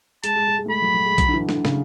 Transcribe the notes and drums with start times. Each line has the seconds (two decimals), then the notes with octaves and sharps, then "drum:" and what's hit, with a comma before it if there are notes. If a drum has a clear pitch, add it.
0.24 G#3 A5, drum: hi-hat
0.36 G#3
0.48 G#3
0.59 G#3
0.66 A3
0.71 G#3 B5
0.82 F#3
0.94 F#3
1.06 G#3
1.18 F#3, drum: kick B1, hi-hat
1.28 D3
1.34 E3
1.49 D3, drum: snare
1.65 C#3, drum: snare